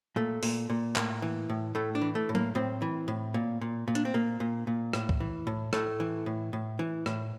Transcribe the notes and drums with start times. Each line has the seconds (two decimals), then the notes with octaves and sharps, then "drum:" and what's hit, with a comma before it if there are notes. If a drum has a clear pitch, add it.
0.16 A#2 A3
0.43 A#2, drum: open hi-hat
0.70 A#2
0.96 A2 A#3, drum: clap
1.22 E3
1.50 A2
1.75 A2 A3
1.95 D4
2.02 E3
2.15 A3
2.29 A2
2.35 A#3, drum: tom F#3
2.55 A2 C4
2.82 E3
3.08 A2
3.34 A#2
3.61 A#2
3.88 A#2
3.95 D4, drum: hi-hat
4.05 C4
4.14 A#2 A#3
4.40 A#2
4.67 A#2
4.93 A2, drum: rim click
5.09 drum: kick
5.20 E3
5.47 A2
5.73 A2 A3, drum: rim click
6.00 E3
6.26 A2
6.53 A2
6.79 E3
7.06 A2, drum: rim click